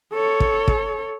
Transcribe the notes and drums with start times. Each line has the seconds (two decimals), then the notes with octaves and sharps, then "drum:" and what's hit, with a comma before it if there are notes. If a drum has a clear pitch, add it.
0.13 A4 C#5
0.40 drum: kick
0.68 drum: kick